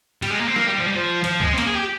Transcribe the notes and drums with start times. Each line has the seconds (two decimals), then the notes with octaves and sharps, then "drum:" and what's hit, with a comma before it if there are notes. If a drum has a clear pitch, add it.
0.22 G3, drum: cymbal
0.31 G#3
0.40 A#3
0.48 C4
0.56 A#3, drum: snare
0.67 G3
0.79 F3
0.87 G3
0.96 F3
1.24 F3, drum: cymbal
1.40 G#3, drum: kick C#2
1.53 C4
1.58 A#3, drum: cymbal
1.66 G#4
1.75 G4